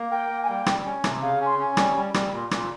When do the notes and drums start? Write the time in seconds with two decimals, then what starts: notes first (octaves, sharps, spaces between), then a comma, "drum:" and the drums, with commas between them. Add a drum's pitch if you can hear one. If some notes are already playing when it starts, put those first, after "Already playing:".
Already playing: A#3
0.11 A#4 G5
0.29 A#3
0.43 G#5
0.48 G3 G5
0.66 G3, drum: rim click
0.85 C#4
1.04 C3, drum: rim click
1.22 C#3 F5
1.41 C#4
1.46 C6
1.59 C#4
1.77 G3, drum: rim click
1.96 G3
2.14 G3, drum: rim click
2.33 A#2
2.51 A#2, drum: rim click